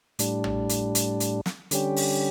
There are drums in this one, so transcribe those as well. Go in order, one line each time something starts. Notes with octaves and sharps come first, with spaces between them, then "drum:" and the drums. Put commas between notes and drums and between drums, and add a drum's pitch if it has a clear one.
A2 G3 D4, drum: hi-hat
drum: tom
drum: hi-hat
drum: hi-hat
drum: hi-hat
drum: snare
D3 G3 C#4 G4, drum: hi-hat
drum: open hi-hat